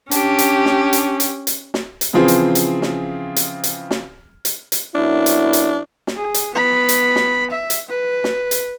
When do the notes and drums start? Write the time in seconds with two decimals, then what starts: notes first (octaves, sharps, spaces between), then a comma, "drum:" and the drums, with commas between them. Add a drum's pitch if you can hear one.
0.11 C#4 D4 G4, drum: hi-hat
0.38 drum: hi-hat
0.66 drum: snare
0.93 drum: hi-hat
1.20 drum: hi-hat
1.47 drum: hi-hat
1.74 drum: snare
2.01 drum: hi-hat
2.13 C#3 E3 F3 C4 F4 G#4
2.28 drum: hi-hat
2.55 drum: hi-hat
2.82 drum: snare
3.36 drum: hi-hat
3.64 drum: hi-hat
3.91 drum: snare
4.45 drum: hi-hat
4.72 drum: hi-hat
4.95 F#2 B3 D4 E4
5.26 drum: hi-hat
5.53 drum: hi-hat
6.07 drum: snare
6.16 G#4
6.34 drum: hi-hat
6.55 B3 B5
6.89 drum: hi-hat
7.16 drum: snare
7.51 E5
7.70 drum: hi-hat
7.89 B4
8.24 drum: snare
8.51 drum: hi-hat